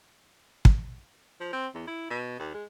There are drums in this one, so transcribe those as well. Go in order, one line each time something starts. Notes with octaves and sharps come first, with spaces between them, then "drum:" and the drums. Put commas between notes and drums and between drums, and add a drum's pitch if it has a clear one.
drum: kick
F3
C4
E2
E4
B2
D#2
G#3